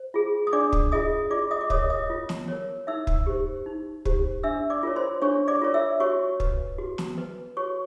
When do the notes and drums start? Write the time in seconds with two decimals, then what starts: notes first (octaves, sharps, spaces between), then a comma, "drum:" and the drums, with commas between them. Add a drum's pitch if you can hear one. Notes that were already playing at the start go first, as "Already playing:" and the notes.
Already playing: C5
0.14 F4 G#4
0.47 D#6
0.53 D4 D5 D6
0.73 drum: kick
0.92 F4 G#4 D#5 D#6
1.31 F4 D5 D6
1.51 D#5 D#6
1.61 D6
1.70 A#4 C#5 D#5 D#6, drum: kick
1.90 D#5 D#6
2.10 F4
2.29 drum: snare
2.48 A#4 C#5
2.87 D#4 E5 E6
3.07 drum: kick
3.26 G4 C5
3.66 D#4
4.05 G4 C5, drum: kick
4.43 D4 E5 E6
4.70 D5 D6
4.83 F4 A#4 C#5
4.96 C5 C6
5.22 D4 C#5 C#6
5.48 D5 D6
5.62 F4 A#4 C#5
5.74 E5 E6
6.00 F#4 C#5 C#6
6.40 B4, drum: kick
6.78 F#4
6.98 drum: snare
7.18 B4
7.57 F#4 C#5 C#6